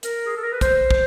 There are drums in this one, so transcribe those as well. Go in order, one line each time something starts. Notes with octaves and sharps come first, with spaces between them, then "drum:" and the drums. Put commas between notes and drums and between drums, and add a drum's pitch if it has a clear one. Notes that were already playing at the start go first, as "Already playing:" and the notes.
A#4, drum: hi-hat
G#4
A4
A#4
B4
C5, drum: kick, hi-hat
drum: kick